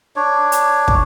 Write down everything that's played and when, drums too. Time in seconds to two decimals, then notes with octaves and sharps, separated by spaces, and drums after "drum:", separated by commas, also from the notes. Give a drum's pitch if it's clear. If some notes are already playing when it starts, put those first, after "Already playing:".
0.16 D4 C#5
0.52 drum: hi-hat
0.88 drum: kick